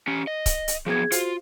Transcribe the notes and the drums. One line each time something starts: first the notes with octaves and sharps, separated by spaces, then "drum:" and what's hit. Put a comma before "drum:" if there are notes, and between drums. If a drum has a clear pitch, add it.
C#4 G4
D#5
drum: kick C#1, hi-hat
drum: hi-hat
F3 F#3 B3 G#4 G#6
F4 F#4 C5, drum: hi-hat